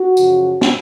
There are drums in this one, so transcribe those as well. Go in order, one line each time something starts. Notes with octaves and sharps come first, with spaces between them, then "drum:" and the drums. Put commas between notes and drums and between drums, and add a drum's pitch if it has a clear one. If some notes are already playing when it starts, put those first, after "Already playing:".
Already playing: F#4
F#2 C#3 F3, drum: tambourine
drum: snare